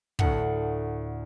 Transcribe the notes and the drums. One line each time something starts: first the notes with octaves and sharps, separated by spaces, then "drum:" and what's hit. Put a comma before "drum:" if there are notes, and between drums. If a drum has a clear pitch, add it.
D2 A2 F#5 C7, drum: kick